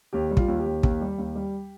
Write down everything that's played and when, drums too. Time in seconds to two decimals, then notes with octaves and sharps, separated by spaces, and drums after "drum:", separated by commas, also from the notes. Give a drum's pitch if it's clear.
0.13 D#2 G4
0.31 G3
0.37 F4, drum: kick
0.48 D#2
0.59 G4
0.66 D#2
0.83 D#2, drum: kick
1.01 G3
1.18 D#2
1.35 G3